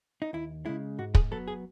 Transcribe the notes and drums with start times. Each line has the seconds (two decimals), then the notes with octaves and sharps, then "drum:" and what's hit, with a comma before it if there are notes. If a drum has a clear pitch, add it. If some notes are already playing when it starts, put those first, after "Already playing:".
0.22 D#4
0.33 D#2 E4
0.66 C#3 G#3 E4
0.98 G#2 F#4
1.15 G#4, drum: kick
1.31 F#3 B3 A4
1.48 G#4